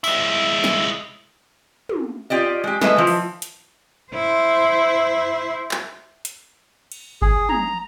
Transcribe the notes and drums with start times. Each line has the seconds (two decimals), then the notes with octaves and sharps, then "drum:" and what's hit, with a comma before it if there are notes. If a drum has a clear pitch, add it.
0.04 G#3 E4, drum: tambourine
0.64 drum: snare
1.89 drum: tom
2.30 F4 G4 D5 D#5
2.64 G#3 G4
2.82 G#3 A3 B4 D#5 E5, drum: snare
2.97 E3 F3
3.07 drum: open hi-hat
3.42 drum: hi-hat
4.12 E4 C5
5.71 drum: clap
6.25 drum: hi-hat
6.92 drum: cymbal
7.22 G#4, drum: kick G1
7.49 A#5, drum: tom